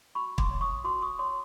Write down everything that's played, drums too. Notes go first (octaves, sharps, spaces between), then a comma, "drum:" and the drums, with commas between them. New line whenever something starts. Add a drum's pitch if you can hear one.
F#4 B5 C#6
C6 D6, drum: kick
C#5
C#6 D#6
F#4 C6 D6
C#6 D#6
C#5 C6 D6